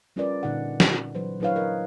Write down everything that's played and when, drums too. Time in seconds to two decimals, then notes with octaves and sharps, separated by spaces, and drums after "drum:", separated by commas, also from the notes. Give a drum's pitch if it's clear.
0.16 G3 C#4 F4 A#4 B4 D5
0.43 A#2 D3 D#4 A4 F#5
0.80 drum: snare
1.15 E3 F#3 B4 C5
1.40 F#3 D4 E4 B4 C#5 F5
1.56 A#4 D#5